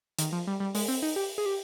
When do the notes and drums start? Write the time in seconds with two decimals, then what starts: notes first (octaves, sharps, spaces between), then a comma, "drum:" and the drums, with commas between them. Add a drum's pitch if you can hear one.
0.19 D#3, drum: hi-hat
0.32 F3
0.47 G3
0.60 G3
0.75 G#3, drum: open hi-hat
0.88 C4
1.02 D#4
1.16 G4
1.38 G#4
1.46 G4